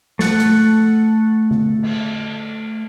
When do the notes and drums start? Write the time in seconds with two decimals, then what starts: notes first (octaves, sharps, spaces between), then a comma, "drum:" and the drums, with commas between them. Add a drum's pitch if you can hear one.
0.19 A3 A4 F#5, drum: snare
0.40 drum: hi-hat
1.51 drum: tom D3
1.83 drum: cymbal